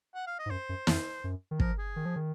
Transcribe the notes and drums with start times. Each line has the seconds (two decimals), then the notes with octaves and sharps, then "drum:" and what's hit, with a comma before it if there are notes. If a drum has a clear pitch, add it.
0.15 F#5
0.27 F5
0.39 D#5
0.46 G#2
0.50 F#2 C5
0.69 F#2
0.87 F2, drum: snare
1.24 F#2
1.51 D#3
1.60 F3 A#4, drum: kick
1.79 G#4
1.96 D#3
2.06 F3
2.16 D#3